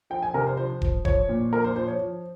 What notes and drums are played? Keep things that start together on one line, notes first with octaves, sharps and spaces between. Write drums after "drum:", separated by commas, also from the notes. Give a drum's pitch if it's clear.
F3 G5
G#5
C3 A#4
C5
F3 C5
F3, drum: kick E1
F3 C#5, drum: kick E1
A#2
F3 A#4
C5
F3 C5
C#5
F3